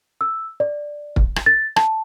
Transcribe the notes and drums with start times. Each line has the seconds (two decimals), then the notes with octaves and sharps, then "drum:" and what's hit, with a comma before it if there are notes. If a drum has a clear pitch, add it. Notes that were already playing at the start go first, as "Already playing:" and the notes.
0.21 E6
0.60 D5
1.16 drum: kick
1.36 drum: rim click
1.46 A6
1.76 A5, drum: rim click